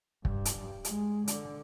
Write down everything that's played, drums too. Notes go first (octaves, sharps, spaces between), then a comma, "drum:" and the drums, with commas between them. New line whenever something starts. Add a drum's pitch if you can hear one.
G2, drum: kick
drum: hi-hat
G#3, drum: hi-hat
D3, drum: hi-hat